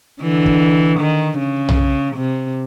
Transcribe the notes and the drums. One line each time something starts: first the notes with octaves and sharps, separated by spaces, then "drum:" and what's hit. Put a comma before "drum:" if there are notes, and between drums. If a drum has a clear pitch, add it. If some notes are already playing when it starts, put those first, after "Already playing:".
D3 E3
drum: kick
D#3
C#3
drum: tom B1
C3